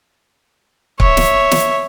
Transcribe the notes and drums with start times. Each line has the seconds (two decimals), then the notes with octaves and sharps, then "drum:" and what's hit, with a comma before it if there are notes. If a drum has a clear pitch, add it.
1.00 C#5 E5, drum: kick C#1
1.17 drum: snare
1.51 drum: snare